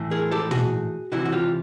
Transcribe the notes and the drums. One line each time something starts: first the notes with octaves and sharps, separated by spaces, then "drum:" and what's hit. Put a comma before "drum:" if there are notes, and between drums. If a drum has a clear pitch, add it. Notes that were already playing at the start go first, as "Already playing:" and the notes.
Already playing: A2 E3
G#4 A#4
G4 A4
F#4 G#4, drum: tom
C3 E3 E4 F#4
F#4
F4 G4